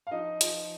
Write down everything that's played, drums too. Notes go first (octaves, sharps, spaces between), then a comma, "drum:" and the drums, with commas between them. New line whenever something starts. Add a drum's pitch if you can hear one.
F5
F3 D#4 D#5
F3, drum: hi-hat